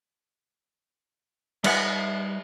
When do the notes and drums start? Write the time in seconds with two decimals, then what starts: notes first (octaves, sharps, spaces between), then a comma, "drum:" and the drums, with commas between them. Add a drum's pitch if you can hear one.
1.64 G3 D#4 B4 E5 F#5, drum: cymbal